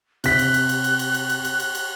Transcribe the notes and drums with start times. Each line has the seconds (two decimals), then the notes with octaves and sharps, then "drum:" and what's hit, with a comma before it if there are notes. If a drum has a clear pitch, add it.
0.24 C3 F#6 B6, drum: cymbal
0.39 drum: cymbal
0.54 drum: cymbal
0.69 drum: cymbal
0.84 drum: cymbal
0.99 drum: cymbal
1.14 drum: cymbal
1.29 drum: cymbal
1.45 drum: cymbal
1.60 drum: cymbal
1.75 drum: cymbal